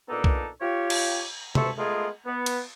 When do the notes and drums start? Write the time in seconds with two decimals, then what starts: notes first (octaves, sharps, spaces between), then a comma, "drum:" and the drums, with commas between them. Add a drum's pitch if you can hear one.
0.09 A#2 B3 D4 D#4 A4
0.24 drum: kick B1
0.61 F4 G4 C#5
0.90 drum: cymbal
1.55 D2 G2 A4 C5 E5 C#6, drum: tom C3
1.78 G#3 A3 B3 F4 G#4 A#4
2.26 B3
2.46 drum: cymbal